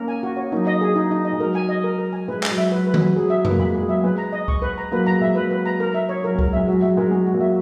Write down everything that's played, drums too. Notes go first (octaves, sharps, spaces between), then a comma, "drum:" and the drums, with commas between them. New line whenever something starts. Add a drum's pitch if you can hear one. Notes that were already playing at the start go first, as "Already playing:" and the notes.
Already playing: A#3 C#4 A#4
G#5
F#4
C#5
F#3 A#3 D#4
D#5
G#4
D#4
D#4
D#5
G#3
F#3 A#4
G#5
D#5
A#4
A#4
G#5
G#3 B4
G#5, drum: clap
F#3
E5
F#3 B4
B4
F#3, drum: tom D#3
G#5
F#3 G#4
E5
A#3 B4, drum: tom F2
G#3 B5
G#4
F#3
E5
G#3 B4
A#5
D#5
C#6, drum: kick C#2
B4
A#5
F#3 A#3 B4
G#3 A#5
G#3 E5
F#3 B4
B4
A#5
A#4
E5
C#5
F#3 A#4
G#3
A#4, drum: kick C#2
F#3
G#3 E5
F#3 F#4
G#3 E5
G#3 A#4
G#3 F#4
F#4
F#3 A#3
E5